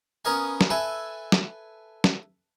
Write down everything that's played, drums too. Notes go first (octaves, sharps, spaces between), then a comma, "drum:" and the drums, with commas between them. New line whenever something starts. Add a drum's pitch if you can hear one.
B3 C#4 A#4 D#5 F5 G#5
drum: snare
A4 B4 E5 G#5
drum: snare
drum: snare